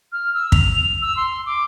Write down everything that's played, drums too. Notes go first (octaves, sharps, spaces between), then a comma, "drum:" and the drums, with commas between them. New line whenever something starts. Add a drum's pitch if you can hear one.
F6
E6
F7, drum: kick
E6
C6
D6